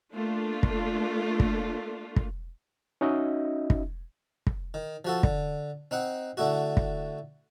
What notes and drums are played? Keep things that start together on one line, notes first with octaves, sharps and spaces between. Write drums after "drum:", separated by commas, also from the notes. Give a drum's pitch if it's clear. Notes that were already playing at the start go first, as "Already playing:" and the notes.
A3 A#3 D4 F4
drum: kick
drum: kick
drum: kick
C#4 D#4 F#4 D#5 E5
drum: kick
drum: kick
D#3
F3 F#4 A4
D3, drum: kick
C4 D#4 F#5
D3 A3 E4 F#4
drum: kick